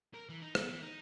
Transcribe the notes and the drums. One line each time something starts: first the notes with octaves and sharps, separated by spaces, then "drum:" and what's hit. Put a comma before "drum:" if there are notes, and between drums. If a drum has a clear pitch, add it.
A#4
E3
D#4
B3, drum: rim click
E3
D#4